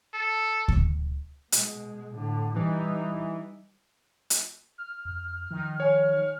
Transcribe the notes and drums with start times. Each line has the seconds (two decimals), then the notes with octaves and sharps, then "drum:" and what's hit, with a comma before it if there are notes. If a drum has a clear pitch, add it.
0.14 A4
0.68 drum: kick D2
1.52 B2 G#3, drum: hi-hat
2.14 A2 D3
2.56 E3 G3 D#4
4.30 drum: hi-hat
4.78 F6
5.05 F2
5.51 D#3 F3
5.80 C#5 G#5